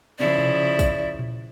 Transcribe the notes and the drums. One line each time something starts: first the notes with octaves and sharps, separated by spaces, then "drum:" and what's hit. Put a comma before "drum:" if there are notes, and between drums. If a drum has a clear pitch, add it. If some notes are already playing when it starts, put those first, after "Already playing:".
C#3 F3 E4 D5
drum: tom B2
drum: kick, tambourine
drum: tom A#2